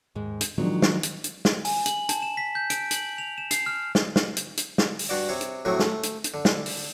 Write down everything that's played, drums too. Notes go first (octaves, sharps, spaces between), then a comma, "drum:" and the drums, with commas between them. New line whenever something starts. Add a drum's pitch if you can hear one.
D#2 G#2 G#3
drum: hi-hat
D#3 F3 F#3 G#3 D4
drum: snare
drum: hi-hat
drum: hi-hat
drum: snare
G#5, drum: open hi-hat
F#7, drum: hi-hat
A5, drum: hi-hat
E7
B6
G6
D7, drum: hi-hat
F#7, drum: hi-hat
F7
E7
C7, drum: hi-hat
F6
drum: snare
drum: snare
drum: hi-hat
drum: hi-hat
drum: snare
drum: open hi-hat
G2 F#4 D5
C3 C#5
drum: hi-hat
A2 C3 F#3 A3
A3, drum: snare
drum: hi-hat
drum: hi-hat
D3
drum: snare
drum: open hi-hat